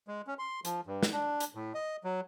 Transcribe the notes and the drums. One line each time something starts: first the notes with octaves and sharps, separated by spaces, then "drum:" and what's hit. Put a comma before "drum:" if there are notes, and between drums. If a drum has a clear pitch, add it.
G#3
C#4
C6
F3, drum: hi-hat
G2
drum: snare
D4
drum: hi-hat
A2
D#5
F#3